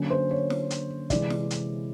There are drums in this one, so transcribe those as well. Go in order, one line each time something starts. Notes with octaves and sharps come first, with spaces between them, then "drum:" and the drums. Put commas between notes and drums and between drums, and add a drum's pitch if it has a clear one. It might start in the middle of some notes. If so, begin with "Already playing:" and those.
Already playing: D3 F#3 A#3 C#4
C5
C#5
drum: snare
drum: hi-hat
C3 E3 G#3 D5, drum: kick, hi-hat
drum: snare
drum: hi-hat